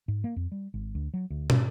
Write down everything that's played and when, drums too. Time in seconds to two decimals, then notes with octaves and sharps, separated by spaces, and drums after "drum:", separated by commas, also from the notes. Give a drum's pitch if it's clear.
0.08 G#2
0.24 A#3
0.36 F2
0.52 G3
0.74 G#1
0.95 D2
1.14 F#3
1.30 D2
1.50 G#2, drum: tom